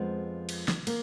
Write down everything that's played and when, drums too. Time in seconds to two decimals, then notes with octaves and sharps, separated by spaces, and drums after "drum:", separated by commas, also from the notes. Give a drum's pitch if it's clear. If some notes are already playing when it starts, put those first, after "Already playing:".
Already playing: F2 F3 G#3 B3
0.49 drum: cymbal
0.68 drum: snare
0.87 A#3, drum: cymbal